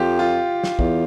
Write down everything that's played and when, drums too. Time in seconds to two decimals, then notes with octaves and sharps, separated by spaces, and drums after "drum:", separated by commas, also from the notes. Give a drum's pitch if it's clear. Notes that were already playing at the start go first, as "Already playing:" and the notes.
Already playing: F2 F4 G4
0.19 F4
0.64 drum: snare
0.79 E2, drum: kick